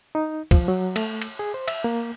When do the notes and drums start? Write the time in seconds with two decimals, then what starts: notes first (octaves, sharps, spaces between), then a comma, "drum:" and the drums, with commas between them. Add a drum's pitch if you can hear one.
0.15 D#4
0.51 F3, drum: kick C2, cymbal
0.68 F#3
0.96 A3, drum: cymbal
1.21 drum: cymbal
1.39 G#4
1.54 C5
1.68 E5, drum: cymbal
1.84 A#3